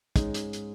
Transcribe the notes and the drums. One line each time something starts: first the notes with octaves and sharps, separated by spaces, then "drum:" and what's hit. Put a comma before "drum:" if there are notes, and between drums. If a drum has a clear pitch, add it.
G#2 G#3 C#4 D#4, drum: kick, hi-hat
drum: hi-hat
drum: hi-hat